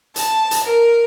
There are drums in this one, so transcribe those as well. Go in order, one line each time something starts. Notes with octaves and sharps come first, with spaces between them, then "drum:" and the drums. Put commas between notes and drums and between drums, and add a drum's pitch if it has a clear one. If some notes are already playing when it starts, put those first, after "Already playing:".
A5, drum: hi-hat
drum: hi-hat
A#4